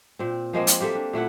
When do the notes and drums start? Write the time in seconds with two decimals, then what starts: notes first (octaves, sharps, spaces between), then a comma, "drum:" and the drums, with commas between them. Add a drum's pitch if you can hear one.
0.19 A#2 C4
0.53 F3 G#3 A#3 C4
0.67 drum: hi-hat
0.80 A#3 G4 A4 E5
0.95 D4
1.13 A#2 A3 E4 F#5